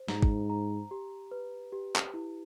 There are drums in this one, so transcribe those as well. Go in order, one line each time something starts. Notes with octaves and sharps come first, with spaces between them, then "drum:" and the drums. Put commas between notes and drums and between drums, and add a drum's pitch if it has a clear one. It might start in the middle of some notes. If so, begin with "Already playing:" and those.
Already playing: C5
G#2 A#5, drum: snare
drum: kick
A#5
G4
B4
G4
drum: clap
E4